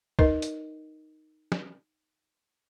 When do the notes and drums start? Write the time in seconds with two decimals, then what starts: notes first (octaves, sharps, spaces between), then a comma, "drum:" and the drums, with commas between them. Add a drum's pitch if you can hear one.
0.19 D#4 A#4 B4 D#5, drum: kick
0.42 drum: hi-hat
1.52 drum: snare